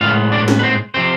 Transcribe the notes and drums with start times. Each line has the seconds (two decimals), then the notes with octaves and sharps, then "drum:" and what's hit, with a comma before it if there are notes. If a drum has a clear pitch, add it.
0.01 A2 G#3 B3 F4 F5
0.32 D4 D5
0.48 drum: snare
0.59 B4
0.63 C4 C5
0.94 C3 F3 C4 C5